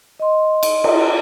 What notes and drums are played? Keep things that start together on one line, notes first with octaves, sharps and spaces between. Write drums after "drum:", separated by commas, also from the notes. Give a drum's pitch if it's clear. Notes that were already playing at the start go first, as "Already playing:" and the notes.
D#5 C6
drum: cymbal
drum: cymbal